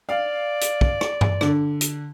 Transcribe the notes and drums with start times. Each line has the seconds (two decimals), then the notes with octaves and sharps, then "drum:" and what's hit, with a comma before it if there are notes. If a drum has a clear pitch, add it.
0.09 D5 F5
0.61 drum: hi-hat
0.81 drum: kick
1.01 drum: rim click
1.21 drum: tom G2
1.41 D3, drum: rim click
1.81 drum: hi-hat